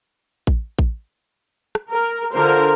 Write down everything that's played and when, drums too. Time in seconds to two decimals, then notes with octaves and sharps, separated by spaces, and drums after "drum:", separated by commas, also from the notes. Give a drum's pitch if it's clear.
0.47 drum: kick A1
0.79 drum: kick A1
1.75 drum: rim click
1.90 A#4
2.33 D3 F4 A#4 C5